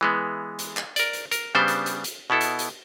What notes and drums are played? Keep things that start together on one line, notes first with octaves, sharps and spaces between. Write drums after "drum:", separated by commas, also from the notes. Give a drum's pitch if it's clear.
E3 G#3 B3
drum: hi-hat
drum: clap
A#4 D5, drum: hi-hat
drum: hi-hat
A#4, drum: hi-hat
C#3 G3 B3 D4 C5
drum: hi-hat
drum: hi-hat
drum: hi-hat
B2 B3 E4 A4
drum: hi-hat
drum: hi-hat